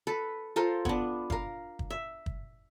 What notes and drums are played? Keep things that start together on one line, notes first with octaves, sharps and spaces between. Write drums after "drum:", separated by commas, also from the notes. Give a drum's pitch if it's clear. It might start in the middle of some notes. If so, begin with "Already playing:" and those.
A4 B4
F4 A4 A#4 C5
B3 D4, drum: kick
A#4 F5, drum: kick
drum: kick
E5
drum: kick